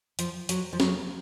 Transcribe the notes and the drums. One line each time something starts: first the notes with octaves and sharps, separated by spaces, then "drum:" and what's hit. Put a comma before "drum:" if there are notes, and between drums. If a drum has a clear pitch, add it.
F3, drum: hi-hat
F#3, drum: hi-hat
F3
F#3, drum: snare